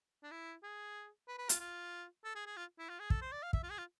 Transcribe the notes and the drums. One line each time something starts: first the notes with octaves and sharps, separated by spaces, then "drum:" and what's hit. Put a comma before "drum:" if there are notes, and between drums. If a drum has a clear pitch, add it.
D4
E4
G#4
B4
B4
F4, drum: hi-hat
F4
A4
G#4
G#4
F4
E4
F4
G#4
A4, drum: kick
C5
D5
F5
E5, drum: kick
F4
G#4
F4